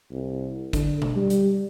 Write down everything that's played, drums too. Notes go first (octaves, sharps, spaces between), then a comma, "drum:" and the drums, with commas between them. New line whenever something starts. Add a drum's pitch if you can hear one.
C2
D3, drum: kick, hi-hat
drum: tom B2
G3
drum: hi-hat